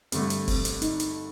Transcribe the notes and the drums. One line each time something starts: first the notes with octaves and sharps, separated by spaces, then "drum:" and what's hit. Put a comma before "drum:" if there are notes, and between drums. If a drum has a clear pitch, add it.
G2 D3 A3 C4, drum: hi-hat
drum: hi-hat
C4, drum: kick, open hi-hat
drum: hi-hat
D#4, drum: hi-hat
drum: hi-hat